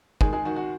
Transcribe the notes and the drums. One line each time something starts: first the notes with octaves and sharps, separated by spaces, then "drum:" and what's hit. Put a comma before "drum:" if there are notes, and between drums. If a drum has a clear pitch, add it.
D#3 G#3 G#4, drum: kick
G#3 G#4
D#3 F#4
F#4